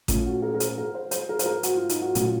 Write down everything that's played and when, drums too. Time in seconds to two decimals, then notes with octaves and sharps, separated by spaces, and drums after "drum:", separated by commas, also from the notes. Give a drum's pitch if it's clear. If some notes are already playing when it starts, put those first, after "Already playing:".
0.08 A#2 A3 C#4 F4, drum: kick A1, hi-hat
0.26 F#4
0.42 A#4
0.54 A#4
0.60 C5, drum: hi-hat
0.78 A#4
0.94 C5
1.11 C5, drum: hi-hat
1.29 A#4
1.39 C5, drum: hi-hat
1.46 A#4
1.63 F#4, drum: hi-hat
1.77 F4
1.89 D#4, drum: hi-hat
2.02 F#4
2.09 F4
2.15 A#2 F#3 A3 C#4 F#4, drum: hi-hat
2.24 F4